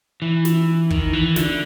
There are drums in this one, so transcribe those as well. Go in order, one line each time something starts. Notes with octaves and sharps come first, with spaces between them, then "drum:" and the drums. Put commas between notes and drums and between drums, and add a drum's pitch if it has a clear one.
E3
drum: snare
D#3, drum: kick
E3
D3, drum: snare